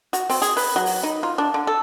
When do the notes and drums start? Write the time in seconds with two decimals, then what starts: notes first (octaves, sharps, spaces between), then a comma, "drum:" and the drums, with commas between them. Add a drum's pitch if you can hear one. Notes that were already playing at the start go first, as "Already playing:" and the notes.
0.13 F#4, drum: hi-hat
0.30 C4, drum: open hi-hat
0.42 G#4, drum: hi-hat
0.57 B4, drum: open hi-hat
0.76 F#3
0.85 drum: open hi-hat
1.03 D#4
1.23 F4
1.38 D4
1.54 D3
1.67 A4